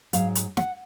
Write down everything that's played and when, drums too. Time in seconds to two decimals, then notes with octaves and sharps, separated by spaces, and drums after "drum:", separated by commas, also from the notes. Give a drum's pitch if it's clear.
0.13 G#2 F#3 F5, drum: hi-hat
0.35 drum: hi-hat
0.57 F#5, drum: snare